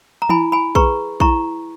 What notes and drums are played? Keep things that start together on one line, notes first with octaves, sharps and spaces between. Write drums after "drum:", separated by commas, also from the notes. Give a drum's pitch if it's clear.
A#5
E4 G#5 B5, drum: tom E3
G#5 B5
G#4 B4 A#5 C#6, drum: kick A#1
E4 A#5 C#6, drum: kick A#1